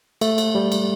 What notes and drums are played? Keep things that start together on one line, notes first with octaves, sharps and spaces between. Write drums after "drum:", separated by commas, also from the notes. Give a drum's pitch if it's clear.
A3, drum: cymbal
drum: cymbal
G3
drum: cymbal